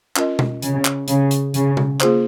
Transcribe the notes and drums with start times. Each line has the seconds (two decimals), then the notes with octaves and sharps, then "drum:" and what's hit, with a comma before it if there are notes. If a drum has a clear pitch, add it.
0.16 C#4 F4 A#4 D#5, drum: clap
0.39 drum: tom B2
0.62 C#3, drum: hi-hat
0.85 drum: clap
1.08 C#3, drum: hi-hat
1.31 drum: hi-hat
1.54 C#3, drum: hi-hat
1.77 drum: tom B2
2.00 A#3 F4 G#4 C5, drum: clap